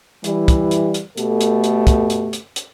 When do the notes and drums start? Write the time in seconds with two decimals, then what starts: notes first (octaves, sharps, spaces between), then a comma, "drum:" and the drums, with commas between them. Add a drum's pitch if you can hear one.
0.24 E3 G3, drum: hi-hat
0.48 drum: kick, hi-hat
0.71 drum: hi-hat
0.94 drum: hi-hat
1.17 B2 A3 G4 A4, drum: hi-hat
1.41 drum: hi-hat
1.64 drum: hi-hat
1.87 drum: kick, hi-hat
2.10 drum: hi-hat
2.33 drum: hi-hat
2.56 drum: hi-hat